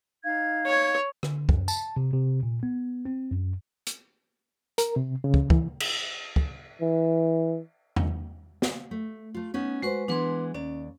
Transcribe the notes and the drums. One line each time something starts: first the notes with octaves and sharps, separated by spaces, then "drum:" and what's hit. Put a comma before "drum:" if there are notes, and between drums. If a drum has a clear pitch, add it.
D#4 F5 G#6
C#5
D3, drum: rim click
F#2, drum: kick
A5, drum: tambourine
C3
C3
A#2
B3
C4
F#2
drum: hi-hat
A#4, drum: hi-hat
C3
C#3
drum: kick
E3, drum: kick
drum: cymbal
drum: kick
E3
drum: tom E2
drum: snare
A3
A3 F4
B3 C#4 D#4
G#3 F#4 B4 C5 C#6
E3 G#3 B3 D4 B4 C6
D#2 C#4 D5